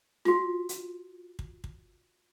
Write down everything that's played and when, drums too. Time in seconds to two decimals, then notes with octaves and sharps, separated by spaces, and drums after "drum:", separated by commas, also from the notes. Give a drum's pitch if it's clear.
0.25 F4 F#4, drum: snare
0.69 drum: hi-hat
1.39 drum: kick
1.64 drum: kick